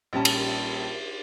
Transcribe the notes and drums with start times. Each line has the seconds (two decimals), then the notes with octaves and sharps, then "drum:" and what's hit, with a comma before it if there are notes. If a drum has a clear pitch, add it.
0.13 A#1 G3 C#4 A5
0.25 drum: cymbal